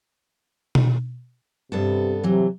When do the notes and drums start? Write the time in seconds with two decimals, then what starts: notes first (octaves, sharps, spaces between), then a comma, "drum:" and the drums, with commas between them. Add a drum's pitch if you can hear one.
0.75 drum: tom B2
1.72 G2 C3 B3 A4
2.24 C3 E3 F#3